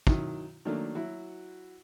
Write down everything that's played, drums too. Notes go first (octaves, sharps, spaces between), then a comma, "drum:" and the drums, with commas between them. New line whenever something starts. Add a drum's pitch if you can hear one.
D#3 F#3 E4, drum: kick
D#3 F#3 A3 A#3 D4
F#3 E4 F#4